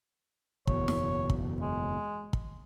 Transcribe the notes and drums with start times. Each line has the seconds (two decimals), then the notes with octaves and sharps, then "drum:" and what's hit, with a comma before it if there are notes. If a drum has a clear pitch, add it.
0.67 F#1 E2 B2 C#5, drum: kick
0.88 drum: snare
1.30 drum: kick
1.61 G#3
2.33 drum: kick